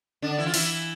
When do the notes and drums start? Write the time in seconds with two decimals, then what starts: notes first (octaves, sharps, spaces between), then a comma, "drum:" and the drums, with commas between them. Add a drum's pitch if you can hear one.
0.22 D3 D4
0.38 E3 E4
0.46 F4
0.54 E3 E4, drum: open hi-hat